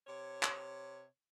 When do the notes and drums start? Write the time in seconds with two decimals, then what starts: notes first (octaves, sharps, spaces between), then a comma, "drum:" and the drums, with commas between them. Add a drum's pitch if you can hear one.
0.07 C3 C#5
0.43 drum: clap